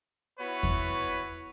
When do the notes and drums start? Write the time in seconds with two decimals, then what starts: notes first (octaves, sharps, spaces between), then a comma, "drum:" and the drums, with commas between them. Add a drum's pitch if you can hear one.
0.40 B3 E4 F#4 B4 C#5
0.63 drum: kick E2